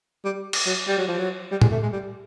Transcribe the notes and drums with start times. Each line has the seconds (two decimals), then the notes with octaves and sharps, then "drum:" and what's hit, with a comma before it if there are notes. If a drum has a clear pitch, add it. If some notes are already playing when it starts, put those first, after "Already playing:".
0.25 G3
0.53 drum: cymbal
0.67 F#3
0.88 G3
0.98 F#3
1.08 F3
1.18 F#3
1.51 G3
1.61 G#3, drum: tom A2
1.72 A3
1.82 G#3
1.93 G3